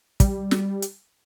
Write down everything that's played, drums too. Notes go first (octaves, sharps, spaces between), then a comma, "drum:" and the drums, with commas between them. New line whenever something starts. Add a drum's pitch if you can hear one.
G3, drum: kick, hi-hat
drum: snare
drum: hi-hat